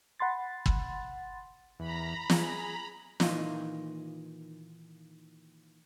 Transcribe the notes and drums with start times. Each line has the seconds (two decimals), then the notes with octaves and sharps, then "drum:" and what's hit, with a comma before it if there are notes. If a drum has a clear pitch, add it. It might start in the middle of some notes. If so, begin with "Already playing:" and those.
0.20 F#5 B5 C6 A6
0.66 drum: kick
1.79 E2 A#5 B5
2.30 G#4, drum: snare
3.20 A#2 D#3 E3 D#4 F4, drum: snare